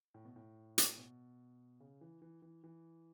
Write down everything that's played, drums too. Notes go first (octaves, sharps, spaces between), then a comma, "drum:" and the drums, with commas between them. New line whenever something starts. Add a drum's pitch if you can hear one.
A2
B2
A2
drum: hi-hat
B2
C#3
E3
E3
E3
E3